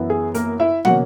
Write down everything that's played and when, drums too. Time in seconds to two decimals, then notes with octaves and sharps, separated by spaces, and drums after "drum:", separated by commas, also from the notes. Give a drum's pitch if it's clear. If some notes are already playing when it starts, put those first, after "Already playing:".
Already playing: F#2 E3 B3 E4
0.10 G#4
0.34 A#3 A#4, drum: hi-hat
0.60 E4 E5
0.85 B2 A#3 C#4 F#4 F#5, drum: tom